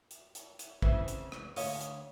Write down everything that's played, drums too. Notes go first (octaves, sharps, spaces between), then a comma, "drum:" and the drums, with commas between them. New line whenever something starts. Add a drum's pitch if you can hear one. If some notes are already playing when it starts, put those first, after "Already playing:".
drum: hi-hat
drum: hi-hat
drum: hi-hat
C#3 E3 C4 E5, drum: kick
drum: hi-hat
drum: rim click
D2 C#4 C#5 D#5 F5, drum: open hi-hat
drum: hi-hat